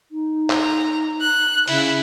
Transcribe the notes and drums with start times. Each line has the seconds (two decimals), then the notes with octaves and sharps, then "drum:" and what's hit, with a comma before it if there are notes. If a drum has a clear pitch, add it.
0.11 D#4
0.50 A#5, drum: clap
1.21 F#6
1.68 C#3 E4, drum: open hi-hat